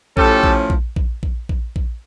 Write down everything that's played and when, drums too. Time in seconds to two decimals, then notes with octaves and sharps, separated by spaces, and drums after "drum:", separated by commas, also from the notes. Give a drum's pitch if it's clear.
0.17 A2 F3 A3 C#4 G4 A4, drum: kick A#1
0.43 drum: kick A#1
0.70 drum: kick A#1
0.96 drum: kick A#1
1.23 drum: kick A#1
1.49 drum: kick A#1
1.76 drum: kick A#1